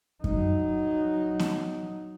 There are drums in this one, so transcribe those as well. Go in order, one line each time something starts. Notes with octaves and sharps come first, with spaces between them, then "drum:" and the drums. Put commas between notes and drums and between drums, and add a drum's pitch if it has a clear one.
F#3 D#4, drum: kick F#2
drum: snare B3